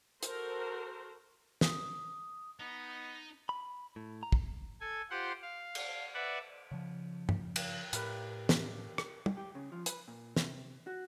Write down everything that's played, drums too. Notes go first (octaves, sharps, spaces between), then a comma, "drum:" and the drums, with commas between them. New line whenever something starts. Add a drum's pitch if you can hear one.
F#4 A4 A#4 C5, drum: hi-hat
D#6, drum: snare
B3 D#4
B5
A2
A#5
drum: kick
A4 G#5
F4 G4 C5 F#5 C6
F5
drum: cymbal
B4 D5 E5 F#5
C#3 F3
drum: tom G2
drum: cymbal
A2 G4 A#4 B4, drum: hi-hat
drum: snare
drum: rim click
drum: tom
G4
C#3
F3
B4, drum: hi-hat
A#2
C3, drum: snare
F#4